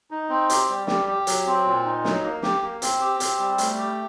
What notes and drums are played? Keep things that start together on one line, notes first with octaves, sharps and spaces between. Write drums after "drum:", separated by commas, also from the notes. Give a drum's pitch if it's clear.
D#4
C4
G4, drum: hi-hat
G3
G4, drum: snare
G4
F#3, drum: hi-hat
C4
A#2
D#4
F#3, drum: snare
A#3
G4, drum: snare
A#3
C4, drum: hi-hat
G4
C4, drum: hi-hat
G3
A3, drum: hi-hat
G4